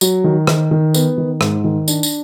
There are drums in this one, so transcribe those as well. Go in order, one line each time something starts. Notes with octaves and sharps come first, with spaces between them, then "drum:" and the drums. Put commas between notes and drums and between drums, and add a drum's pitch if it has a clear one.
F#3, drum: tambourine
D#3
D#3, drum: rim click
D#3
B3, drum: tambourine
D#3
G#2, drum: rim click
D#3
D4, drum: tambourine
drum: tambourine